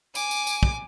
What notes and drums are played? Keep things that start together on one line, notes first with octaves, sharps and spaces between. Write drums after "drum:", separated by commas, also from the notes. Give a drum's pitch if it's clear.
G#5 D6, drum: tambourine
drum: tambourine
drum: tambourine
drum: kick